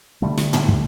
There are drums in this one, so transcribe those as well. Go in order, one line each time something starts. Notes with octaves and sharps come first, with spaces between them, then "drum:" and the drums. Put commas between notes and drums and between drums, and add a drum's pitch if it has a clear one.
D3 G3 A3
drum: snare
drum: tom
drum: kick